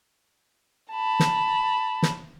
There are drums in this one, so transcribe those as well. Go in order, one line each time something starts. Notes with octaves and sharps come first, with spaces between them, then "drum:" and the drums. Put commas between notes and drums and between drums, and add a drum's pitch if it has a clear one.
A5 B5
drum: snare
drum: snare